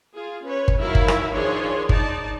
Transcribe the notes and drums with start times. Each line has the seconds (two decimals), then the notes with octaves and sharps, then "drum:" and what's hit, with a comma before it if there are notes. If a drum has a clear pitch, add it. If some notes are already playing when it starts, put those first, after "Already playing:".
0.14 F4 G#4
0.45 C#4 B4 C#5
0.68 drum: kick G1
0.78 D#3 F#3 E4 A#4 E5 F5
0.95 drum: kick G1
1.08 drum: rim click
1.33 D#3 F3 D4 G#4 C#5 C6
1.89 D#4 D5 A5, drum: kick G1